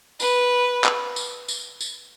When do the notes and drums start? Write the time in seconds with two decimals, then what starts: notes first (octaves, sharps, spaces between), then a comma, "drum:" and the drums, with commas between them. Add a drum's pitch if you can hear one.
0.20 B4, drum: tambourine
0.84 drum: clap
1.16 drum: tambourine
1.48 drum: tambourine
1.81 drum: tambourine